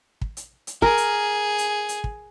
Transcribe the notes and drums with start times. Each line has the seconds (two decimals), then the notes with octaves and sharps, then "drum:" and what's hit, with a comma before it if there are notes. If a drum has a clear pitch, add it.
0.21 drum: kick
0.37 drum: hi-hat
0.67 drum: hi-hat
0.82 G#4 A#4, drum: kick
0.97 drum: hi-hat
1.58 drum: hi-hat
1.89 drum: hi-hat
2.04 drum: kick